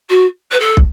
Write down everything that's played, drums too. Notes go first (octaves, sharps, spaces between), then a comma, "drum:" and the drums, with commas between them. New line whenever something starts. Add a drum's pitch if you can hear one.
F#4
B4
A4
drum: kick